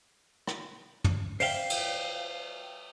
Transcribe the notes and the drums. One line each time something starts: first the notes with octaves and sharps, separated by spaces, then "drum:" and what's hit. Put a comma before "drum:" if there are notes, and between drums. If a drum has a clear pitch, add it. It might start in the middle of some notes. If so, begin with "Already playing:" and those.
drum: rim click
drum: tom
C5 D5 E5 F5 G5, drum: open hi-hat
drum: cymbal